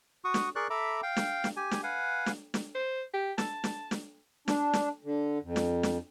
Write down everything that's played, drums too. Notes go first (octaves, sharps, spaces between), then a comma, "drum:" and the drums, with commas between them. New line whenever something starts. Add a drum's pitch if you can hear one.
F#4 C#6 D#6
drum: snare
G#4 A#4 D5 C#6 F#6
A4 E5 A#5 B5 D6
F5 G5
drum: snare
drum: snare
G4 G#5
drum: snare
B4 F5 F#5 G#5
drum: snare
drum: snare
C5
G4
A5, drum: snare
drum: snare
drum: snare
D4, drum: snare
drum: snare
D3
F2
drum: snare
drum: snare